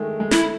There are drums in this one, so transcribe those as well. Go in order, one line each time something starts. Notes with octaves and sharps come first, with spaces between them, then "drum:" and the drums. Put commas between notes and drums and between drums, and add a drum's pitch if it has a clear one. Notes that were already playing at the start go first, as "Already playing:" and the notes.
Already playing: D#3 G#3 A3
G#3
A3 E4, drum: snare